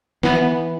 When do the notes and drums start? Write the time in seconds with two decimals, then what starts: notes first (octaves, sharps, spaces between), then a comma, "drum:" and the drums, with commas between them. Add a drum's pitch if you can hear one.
0.23 E3 B3, drum: snare